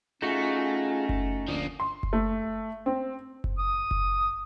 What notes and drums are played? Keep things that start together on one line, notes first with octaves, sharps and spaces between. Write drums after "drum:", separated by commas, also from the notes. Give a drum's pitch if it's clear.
A3 C#4 D#4 F4 F#4 G#4
drum: kick F#1
D2 F3 A#3 D4 D#6
C6
drum: kick F#1
A3
C4
drum: kick F#1
D#6
drum: kick F#1